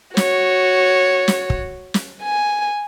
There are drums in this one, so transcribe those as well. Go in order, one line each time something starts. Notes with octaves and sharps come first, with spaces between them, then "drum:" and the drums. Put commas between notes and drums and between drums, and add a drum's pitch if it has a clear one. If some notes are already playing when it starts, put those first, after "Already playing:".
F#4 C#5, drum: snare
drum: snare
drum: kick
drum: snare
G#5